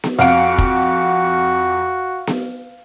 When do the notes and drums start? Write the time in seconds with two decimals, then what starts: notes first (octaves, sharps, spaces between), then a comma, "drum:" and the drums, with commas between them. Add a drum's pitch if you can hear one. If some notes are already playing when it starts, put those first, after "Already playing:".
0.04 drum: snare B3
0.19 F2 F#4 F5 F#5 D7
0.58 drum: kick
2.27 drum: snare B3